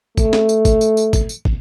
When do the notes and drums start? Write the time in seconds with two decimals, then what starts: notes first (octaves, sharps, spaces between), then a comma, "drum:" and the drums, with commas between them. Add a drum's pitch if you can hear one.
0.17 A3, drum: kick, tambourine
0.33 drum: snare
0.49 drum: tambourine
0.65 drum: kick, tambourine
0.81 drum: tambourine
0.97 drum: tambourine
1.13 drum: kick, tambourine
1.29 drum: tambourine
1.45 drum: kick